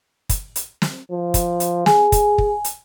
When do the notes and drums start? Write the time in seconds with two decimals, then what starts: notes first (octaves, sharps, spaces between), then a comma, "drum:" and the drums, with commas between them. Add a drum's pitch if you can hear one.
0.29 drum: kick, hi-hat
0.56 drum: hi-hat
0.82 drum: snare
1.11 F3
1.34 drum: kick, hi-hat
1.60 drum: hi-hat
1.86 G#4 G#5, drum: snare
2.12 drum: kick, hi-hat
2.38 drum: kick
2.64 drum: hi-hat